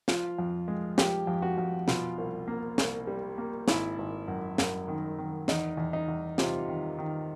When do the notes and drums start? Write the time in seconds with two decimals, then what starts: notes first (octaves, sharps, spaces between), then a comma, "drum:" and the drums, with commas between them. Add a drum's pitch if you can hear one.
0.08 F3 F4, drum: snare
0.38 F2
0.68 G#3
0.98 F3 G4, drum: snare
1.27 F2
1.42 F#4
1.58 F2
1.88 B2 F4, drum: snare
2.18 C2
2.48 A#3
2.78 C2, drum: snare
3.07 G3
3.38 A#3
3.68 G#1 E4, drum: snare
3.98 G#1
4.28 F#2
4.58 F#2, drum: snare
4.88 D#3
5.18 D#3
5.48 E2 D#4, drum: snare
5.77 E2
5.93 D#4
6.08 E2
6.38 C3 F4, drum: snare
6.69 D#3
6.98 D#3